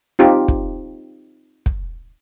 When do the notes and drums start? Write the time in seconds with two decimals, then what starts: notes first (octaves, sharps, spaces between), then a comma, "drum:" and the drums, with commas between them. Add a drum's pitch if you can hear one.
0.19 C4 D#4 F4 G4
0.48 drum: kick
1.66 drum: kick